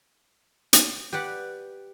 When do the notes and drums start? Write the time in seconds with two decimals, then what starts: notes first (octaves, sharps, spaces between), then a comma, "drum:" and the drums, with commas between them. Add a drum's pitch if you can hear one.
0.73 drum: hi-hat
1.12 G4 B4 D5 F#5